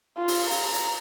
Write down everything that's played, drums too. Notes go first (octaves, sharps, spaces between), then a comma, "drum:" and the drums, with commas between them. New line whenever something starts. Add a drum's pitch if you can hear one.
F4
drum: open hi-hat
A#5, drum: open hi-hat
drum: hi-hat